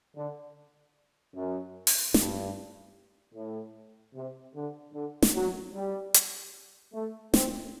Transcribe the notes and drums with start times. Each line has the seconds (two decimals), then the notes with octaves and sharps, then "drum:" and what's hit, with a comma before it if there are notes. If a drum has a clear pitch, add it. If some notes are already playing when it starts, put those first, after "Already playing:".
0.16 D3
1.35 F#2
1.87 drum: open hi-hat
2.14 G2, drum: snare
3.34 A2
4.15 C3
4.55 D3
4.93 D3
5.22 drum: snare
5.34 F#3
5.74 G3
6.14 drum: hi-hat
6.93 A3
7.34 C4, drum: snare